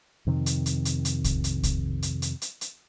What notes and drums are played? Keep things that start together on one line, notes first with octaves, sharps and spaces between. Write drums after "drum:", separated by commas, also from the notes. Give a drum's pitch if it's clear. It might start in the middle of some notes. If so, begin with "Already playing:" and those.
F2 C3 D#3
drum: hi-hat
drum: hi-hat
drum: hi-hat
drum: hi-hat
drum: kick, hi-hat
drum: hi-hat
drum: kick, hi-hat
drum: hi-hat
drum: hi-hat
drum: hi-hat
drum: hi-hat